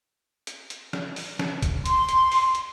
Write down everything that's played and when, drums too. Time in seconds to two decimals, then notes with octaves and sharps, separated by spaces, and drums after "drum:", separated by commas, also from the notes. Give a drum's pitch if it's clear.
0.47 drum: hi-hat
0.70 drum: hi-hat
0.93 drum: snare
1.16 drum: open hi-hat
1.39 drum: snare
1.62 drum: kick, hi-hat
1.86 C6, drum: hi-hat
2.09 drum: hi-hat
2.32 drum: open hi-hat
2.55 drum: hi-hat